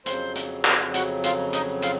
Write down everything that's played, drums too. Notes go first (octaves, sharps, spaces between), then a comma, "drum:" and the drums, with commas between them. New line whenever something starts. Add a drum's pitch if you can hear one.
F2 C#3 F#3 C5 C6, drum: hi-hat
drum: hi-hat
drum: clap
F#4 F#5, drum: hi-hat
F4 F5, drum: hi-hat
D#4 D#5, drum: hi-hat
F4 F5, drum: hi-hat